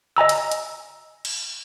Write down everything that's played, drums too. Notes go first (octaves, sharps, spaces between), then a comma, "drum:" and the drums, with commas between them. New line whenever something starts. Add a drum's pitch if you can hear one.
D#5 G#5 A#5 E6
drum: hi-hat
drum: hi-hat
drum: cymbal